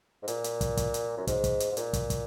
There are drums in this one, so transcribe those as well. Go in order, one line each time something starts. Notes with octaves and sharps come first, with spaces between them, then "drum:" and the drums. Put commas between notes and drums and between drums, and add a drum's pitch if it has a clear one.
G#2
A#2, drum: hi-hat
drum: hi-hat
drum: kick, hi-hat
drum: kick, hi-hat
drum: hi-hat
F#2
G#2, drum: kick, hi-hat
drum: kick, hi-hat
drum: hi-hat
G#2
A#2, drum: hi-hat
drum: kick, hi-hat
drum: kick, hi-hat